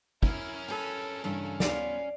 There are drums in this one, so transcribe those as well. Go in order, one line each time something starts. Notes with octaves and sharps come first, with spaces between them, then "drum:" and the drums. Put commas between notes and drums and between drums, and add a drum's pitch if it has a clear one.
C#4 E4 A#4, drum: kick
A4 B4 G#5
G2 C#3 E3 A4
B3 F4 D5 F5, drum: snare